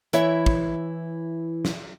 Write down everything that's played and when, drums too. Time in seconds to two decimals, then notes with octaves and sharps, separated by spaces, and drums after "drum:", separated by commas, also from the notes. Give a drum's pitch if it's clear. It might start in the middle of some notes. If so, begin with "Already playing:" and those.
0.13 E3 E4 C#5 E5, drum: hi-hat
0.46 drum: kick
1.65 drum: snare